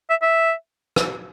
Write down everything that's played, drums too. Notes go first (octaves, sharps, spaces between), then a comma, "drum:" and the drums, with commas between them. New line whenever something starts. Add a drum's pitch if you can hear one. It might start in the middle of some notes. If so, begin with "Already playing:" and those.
E5
E5
drum: rim click